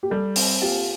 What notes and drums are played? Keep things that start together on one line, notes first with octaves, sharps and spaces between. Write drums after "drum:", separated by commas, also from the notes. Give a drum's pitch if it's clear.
G4
G3 A4
C4, drum: open hi-hat
F4 G4